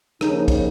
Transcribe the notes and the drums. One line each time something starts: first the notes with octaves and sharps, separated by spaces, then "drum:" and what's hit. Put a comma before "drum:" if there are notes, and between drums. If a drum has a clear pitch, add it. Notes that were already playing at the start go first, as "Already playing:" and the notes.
D#2 C#3 F3 A#3 D#4, drum: rim click
D4
D#4
drum: kick, cymbal